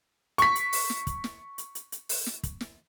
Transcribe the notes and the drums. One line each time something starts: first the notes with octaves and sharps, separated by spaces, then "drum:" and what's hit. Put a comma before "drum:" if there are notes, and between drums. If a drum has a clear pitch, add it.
C#6 B6, drum: hi-hat
drum: hi-hat
drum: open hi-hat
drum: snare
drum: kick, hi-hat
drum: snare
drum: hi-hat
drum: hi-hat
drum: hi-hat
drum: open hi-hat
drum: snare
drum: kick, hi-hat
drum: snare